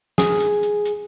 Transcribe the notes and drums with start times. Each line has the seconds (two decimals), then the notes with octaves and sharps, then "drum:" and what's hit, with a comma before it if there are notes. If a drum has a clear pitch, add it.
0.18 G#4, drum: snare
0.41 drum: hi-hat
0.63 drum: hi-hat
0.86 drum: hi-hat